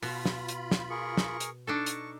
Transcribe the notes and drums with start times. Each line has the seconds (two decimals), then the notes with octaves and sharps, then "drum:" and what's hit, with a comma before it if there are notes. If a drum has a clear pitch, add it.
0.03 B2 F4 B5, drum: open hi-hat
0.26 drum: snare
0.48 drum: hi-hat
0.71 drum: snare
0.90 G#4 A#4 C#6
1.17 drum: snare
1.40 drum: hi-hat
1.67 D4 D#4 A4 C#6
1.86 drum: hi-hat